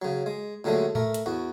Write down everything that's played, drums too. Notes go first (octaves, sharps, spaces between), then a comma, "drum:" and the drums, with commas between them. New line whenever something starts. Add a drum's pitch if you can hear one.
C#3 F#3
G#3
A#2 D3 F#3 G#3 A3
A3 A#4, drum: tom A2
drum: hi-hat
E2 F#4